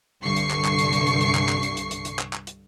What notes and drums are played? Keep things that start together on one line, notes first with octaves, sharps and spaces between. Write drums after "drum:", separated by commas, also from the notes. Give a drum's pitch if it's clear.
C2 G2 D3 C#6 C7
drum: hi-hat
drum: clap
drum: clap
drum: hi-hat
drum: hi-hat
drum: hi-hat
drum: hi-hat
drum: clap
drum: clap
drum: hi-hat
drum: hi-hat
drum: hi-hat
drum: hi-hat
drum: clap
drum: clap
drum: hi-hat